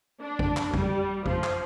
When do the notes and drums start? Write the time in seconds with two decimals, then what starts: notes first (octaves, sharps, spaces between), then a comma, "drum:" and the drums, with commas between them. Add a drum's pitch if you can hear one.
0.21 D4
0.39 drum: kick G#1
0.57 drum: clap
0.74 G3, drum: kick G#1
1.26 F3, drum: kick G#1
1.44 drum: clap